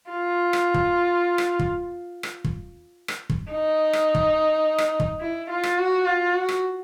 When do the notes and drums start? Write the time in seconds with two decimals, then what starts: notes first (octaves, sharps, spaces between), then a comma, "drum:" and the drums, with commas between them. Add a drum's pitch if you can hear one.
0.11 F4
0.53 drum: rim click
0.74 drum: kick
1.38 drum: rim click
1.59 drum: kick
2.23 drum: rim click
2.44 drum: kick
3.08 drum: rim click
3.30 drum: kick
3.51 D#4
3.93 drum: rim click
4.15 drum: kick
4.78 drum: rim click
5.00 drum: kick
5.20 E4
5.50 F4
5.63 drum: rim click
5.78 F#4
6.06 F4
6.34 F#4
6.49 drum: rim click